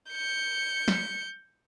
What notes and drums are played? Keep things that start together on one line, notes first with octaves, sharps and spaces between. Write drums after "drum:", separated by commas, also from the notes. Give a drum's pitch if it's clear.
G6 C#7
drum: snare